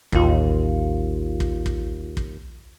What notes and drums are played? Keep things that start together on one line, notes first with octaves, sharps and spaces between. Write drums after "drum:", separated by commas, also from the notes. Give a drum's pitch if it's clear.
A1 D#2 F4, drum: kick
drum: kick
drum: kick
drum: kick